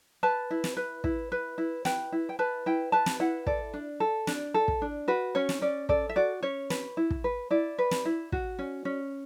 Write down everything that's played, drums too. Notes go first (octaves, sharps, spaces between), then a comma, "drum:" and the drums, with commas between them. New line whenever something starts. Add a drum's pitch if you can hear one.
B4 A5
E4
drum: snare
B4
E4, drum: kick
B4
E4
B4 G5, drum: snare
E4
G5
B4 A5
E4 G5
B4 A5
drum: snare
E4 F#5
A4 D5, drum: kick
D4
A4
D4, drum: snare
A4
drum: kick
D4
F#4 B4
C#4 C#5
drum: snare
C#4 D5
A4 D5, drum: kick
E5
F#4 D5
C#4 C#5
B4, drum: snare
E4
drum: kick
B4
E4 D5
B4
drum: snare
E4
F#4, drum: kick
C#4
C#4